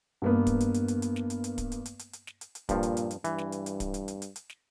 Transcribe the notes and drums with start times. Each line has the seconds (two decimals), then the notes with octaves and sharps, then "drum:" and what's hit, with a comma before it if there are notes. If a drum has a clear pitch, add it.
0.22 G2 A#3 B3
0.47 drum: kick, hi-hat
0.60 drum: hi-hat
0.74 drum: hi-hat
0.88 drum: hi-hat
1.02 drum: hi-hat
1.16 drum: snare
1.30 drum: hi-hat
1.44 drum: hi-hat
1.58 drum: kick, hi-hat
1.72 drum: hi-hat
1.86 drum: hi-hat
1.99 drum: hi-hat
2.13 drum: hi-hat
2.27 drum: snare
2.41 drum: hi-hat
2.55 drum: hi-hat
2.69 G2 A#2 F3, drum: kick, hi-hat
2.83 drum: hi-hat
2.97 drum: hi-hat
3.11 drum: hi-hat
3.24 G2 E3, drum: hi-hat
3.38 drum: snare
3.52 drum: hi-hat
3.66 drum: hi-hat
3.80 drum: kick, hi-hat
3.94 drum: hi-hat
4.08 drum: hi-hat
4.22 drum: hi-hat
4.36 drum: hi-hat
4.50 drum: snare